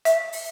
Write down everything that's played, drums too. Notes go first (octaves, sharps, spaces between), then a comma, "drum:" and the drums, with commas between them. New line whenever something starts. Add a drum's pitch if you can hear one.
E5, drum: hi-hat
drum: open hi-hat